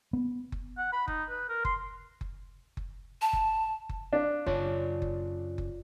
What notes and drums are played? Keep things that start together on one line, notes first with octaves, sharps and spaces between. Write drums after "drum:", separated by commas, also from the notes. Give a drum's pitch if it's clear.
B3
drum: kick F#1
F#5
B5
D#4, drum: kick F#1
B4
A#4
C6, drum: kick F#1
drum: kick F#1
drum: kick F#1
A5
drum: kick F#1
drum: kick F#1
D4 F5
F#2 C#3 F4 C#5 D5 A5, drum: kick F#1
drum: kick F#1
drum: kick F#1